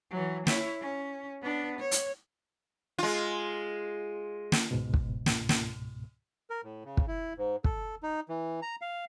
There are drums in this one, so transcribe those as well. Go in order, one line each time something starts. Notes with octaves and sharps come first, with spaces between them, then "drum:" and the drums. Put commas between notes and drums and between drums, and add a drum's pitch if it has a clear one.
E3 F#3
E4 C#5, drum: snare
C#4
B3 D4
C#5
drum: hi-hat
G#3 F4
drum: snare
C#2 G#2 B2
drum: kick
drum: snare
drum: snare
A#4
A2
C#3
drum: kick
E4
G#2
A4, drum: kick
D#4
E3
A#5
F5